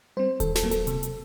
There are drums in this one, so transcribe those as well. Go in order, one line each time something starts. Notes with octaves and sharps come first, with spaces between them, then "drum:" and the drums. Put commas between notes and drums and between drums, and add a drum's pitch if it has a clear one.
G3 C4 C5
D#3 A4, drum: kick D#1, hi-hat
A4, drum: snare
F#3 A#3
A4, drum: hi-hat
C3, drum: hi-hat
drum: hi-hat